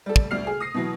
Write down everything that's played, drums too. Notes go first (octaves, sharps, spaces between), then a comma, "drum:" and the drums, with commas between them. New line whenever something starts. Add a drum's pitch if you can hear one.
G3 A4
drum: kick
D2 G3 F6 C7
G#4
D#6 A#6 C7
B2 E3 F#3 B3